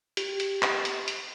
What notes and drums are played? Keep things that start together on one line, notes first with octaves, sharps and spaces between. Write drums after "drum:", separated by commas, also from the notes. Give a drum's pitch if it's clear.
G4, drum: hi-hat
drum: hi-hat
drum: clap
drum: hi-hat
drum: hi-hat